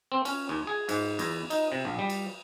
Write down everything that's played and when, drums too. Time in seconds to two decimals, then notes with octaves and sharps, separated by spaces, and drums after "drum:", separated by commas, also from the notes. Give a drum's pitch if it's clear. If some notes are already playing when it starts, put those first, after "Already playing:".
0.12 C4
0.25 C#4, drum: cymbal
0.49 D#2
0.67 G#4
0.89 G#2, drum: cymbal
1.19 E2, drum: cymbal
1.50 D#4, drum: cymbal
1.72 C3
1.85 A#1
1.99 G3
2.10 drum: cymbal